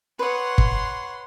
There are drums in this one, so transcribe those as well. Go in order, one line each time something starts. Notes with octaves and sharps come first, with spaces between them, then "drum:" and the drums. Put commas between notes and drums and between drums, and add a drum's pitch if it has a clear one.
B4 C#5 F#5 C6 D#6
drum: kick G1